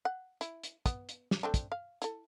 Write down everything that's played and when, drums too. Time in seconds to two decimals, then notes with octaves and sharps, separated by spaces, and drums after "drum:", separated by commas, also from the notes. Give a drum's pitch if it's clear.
0.05 F#5
0.41 E4, drum: hi-hat
0.64 drum: hi-hat
0.86 B3, drum: kick, hi-hat
1.09 drum: hi-hat
1.31 drum: snare
1.43 A3 C4 D4
1.54 drum: kick, hi-hat
1.72 F5
2.02 E4 A4, drum: hi-hat